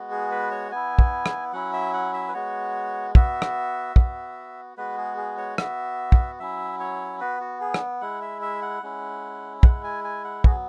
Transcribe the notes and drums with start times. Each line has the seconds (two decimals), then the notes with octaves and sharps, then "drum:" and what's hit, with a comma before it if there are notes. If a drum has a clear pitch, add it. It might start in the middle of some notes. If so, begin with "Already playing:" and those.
Already playing: G#3 B3 F#4
0.11 G#4
0.31 B4
0.51 C#5
0.71 B3 E4 G#5
0.99 drum: kick
1.26 drum: rim click
1.53 F#3 C#4 E4 F#5
1.73 E5
1.93 F#5
2.14 E5
2.29 B4
2.33 G#3 B3 F#4 C#5
3.15 B3 F#4 E5, drum: kick
3.42 drum: rim click
3.96 B3 F#4, drum: kick
4.77 G#3 B3 F#4 B4
4.97 G#4
5.17 G#4
5.37 C#5
5.58 B3 F#4 E5, drum: rim click
6.12 drum: kick
6.39 F#3 C#4 E4 E5
6.80 C#5
7.20 B3 F#4 B4
7.40 F#4
7.61 G#4
7.74 drum: rim click
8.01 G#3 E4 F#5
8.22 E5
8.42 E5
8.62 F#5
8.83 G#3 C#4 E4
9.63 G#3 E4 F#5, drum: kick
9.84 G#5
10.04 G#5
10.24 F#5
10.44 F#3 B3 F#4 G#4, drum: kick